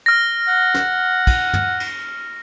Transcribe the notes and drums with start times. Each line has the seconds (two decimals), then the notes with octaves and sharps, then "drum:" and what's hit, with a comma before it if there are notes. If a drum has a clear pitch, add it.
0.06 F6 A#6
0.48 F#5
0.74 drum: snare
1.27 drum: kick, cymbal
1.54 drum: tom
1.80 drum: cymbal